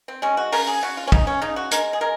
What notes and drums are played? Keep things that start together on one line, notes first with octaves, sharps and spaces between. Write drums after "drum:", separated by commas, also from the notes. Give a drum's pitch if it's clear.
C4
G#3 C#4
F#4
C#3 A#4, drum: open hi-hat
G#4
C#3 F#4
F4
C#4
C#3 D#4, drum: kick
C#4
C#3 D#4
F#4
G#3 A#4, drum: hi-hat
G#4
G#3 A#4